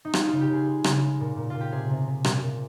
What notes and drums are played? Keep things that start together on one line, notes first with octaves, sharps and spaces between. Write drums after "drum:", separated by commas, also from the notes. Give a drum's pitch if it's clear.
D#4
G#3 F4, drum: rim click
C#3 F4
G4
C#3 G#4
G#3
C#3, drum: rim click
G#3
A#2
A#2
A#2 F4
G4
C3 G#4
C3
C3
A#2, drum: rim click
A#2